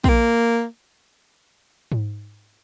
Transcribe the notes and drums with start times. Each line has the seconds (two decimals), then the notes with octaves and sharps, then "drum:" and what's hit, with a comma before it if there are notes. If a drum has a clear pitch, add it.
0.04 C4, drum: kick A#1
0.09 A#3
1.92 drum: tom G#2